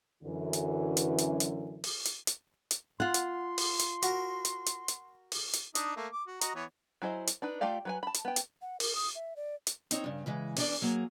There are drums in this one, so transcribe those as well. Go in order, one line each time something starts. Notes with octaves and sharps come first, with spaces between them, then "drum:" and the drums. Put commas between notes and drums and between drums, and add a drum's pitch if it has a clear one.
F#2 D3 E3
drum: hi-hat
drum: hi-hat
drum: hi-hat
drum: hi-hat
drum: open hi-hat
drum: hi-hat
drum: hi-hat
drum: hi-hat
F4 F#5 C6
drum: hi-hat
drum: open hi-hat
drum: hi-hat
F#4 A#4, drum: hi-hat
drum: hi-hat
drum: hi-hat
drum: hi-hat
drum: open hi-hat
drum: hi-hat
D4 D#4 D#5, drum: hi-hat
A3 A#3
D6
F#4
F#4 D#5 A#5, drum: hi-hat
E3 B3 C#5
F#3 E4 G#4 C5 D#5
drum: hi-hat
D4 D#4 B4
A3 F4 G4 D5 F5
F#3 B4 G#5
A5 B5
drum: hi-hat
B3 G5
drum: hi-hat
F#5
A#4, drum: open hi-hat
D#6
E5
D5
drum: hi-hat
C4 D#4 C#5, drum: hi-hat
G2 C#3
C#3 E3 G#3
E2 C#4 D4 D5, drum: open hi-hat
F#3 A#3 G#4